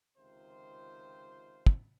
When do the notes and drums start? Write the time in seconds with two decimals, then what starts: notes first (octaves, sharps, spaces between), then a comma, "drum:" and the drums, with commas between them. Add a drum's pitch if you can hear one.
0.18 C#2 C3 D#3 F4 C5
1.66 drum: kick